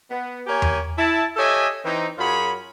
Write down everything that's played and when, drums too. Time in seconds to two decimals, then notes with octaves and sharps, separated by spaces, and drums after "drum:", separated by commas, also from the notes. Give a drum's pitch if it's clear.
0.10 B3
0.46 A#3 G4 C#5 G#5
0.62 drum: tom E2
0.98 E4 A5
1.36 G4 A4 C#5 D#5 E5 G#5
1.84 E3 C4 D#4
2.18 F#2 F4 F#4 G#4 C#5 B5